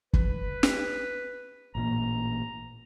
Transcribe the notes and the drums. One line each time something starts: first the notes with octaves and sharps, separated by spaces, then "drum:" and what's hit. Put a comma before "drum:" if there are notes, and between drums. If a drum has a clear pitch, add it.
B4, drum: kick
drum: snare
A1 A#2 A#3 A#5